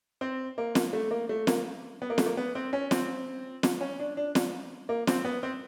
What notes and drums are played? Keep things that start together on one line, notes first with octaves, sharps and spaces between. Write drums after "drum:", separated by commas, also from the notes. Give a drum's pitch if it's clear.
C4
A#3
drum: snare
A3
A#3
A3
A#3, drum: snare
B3
A#3
A3, drum: snare
A#3
B3
C4
C#4
C4, drum: snare
drum: snare
C#4
D4
D4
drum: snare
A#3
C4, drum: snare
B3
C4